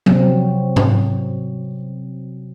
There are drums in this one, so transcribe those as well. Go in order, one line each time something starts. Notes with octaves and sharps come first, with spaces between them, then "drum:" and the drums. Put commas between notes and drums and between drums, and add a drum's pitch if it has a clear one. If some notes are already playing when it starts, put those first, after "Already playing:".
C3 F#3 C4, drum: tom F3
drum: tom G#2